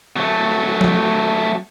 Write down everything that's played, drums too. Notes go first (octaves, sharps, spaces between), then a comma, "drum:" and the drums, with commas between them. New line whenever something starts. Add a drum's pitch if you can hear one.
F#3 A3
drum: tom F3